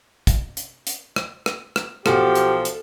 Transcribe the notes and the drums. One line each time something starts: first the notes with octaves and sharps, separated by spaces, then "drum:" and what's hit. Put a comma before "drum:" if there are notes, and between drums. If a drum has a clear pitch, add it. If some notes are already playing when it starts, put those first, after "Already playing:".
drum: kick, hi-hat
drum: hi-hat
drum: hi-hat
drum: rim click
drum: rim click
drum: rim click
B1 F3 F#4 G4 A4 F6, drum: rim click
drum: hi-hat
drum: hi-hat